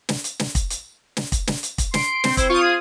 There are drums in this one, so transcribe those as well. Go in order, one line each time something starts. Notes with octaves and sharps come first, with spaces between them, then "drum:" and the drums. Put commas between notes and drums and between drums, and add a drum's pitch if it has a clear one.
drum: snare
drum: hi-hat
drum: snare
drum: kick, hi-hat
drum: hi-hat
drum: snare
drum: kick, hi-hat
drum: snare
drum: hi-hat
drum: kick, hi-hat
C6 D7, drum: snare
C4, drum: snare
E4 C5, drum: kick, hi-hat
F4 F5 C#6 D#6
G#4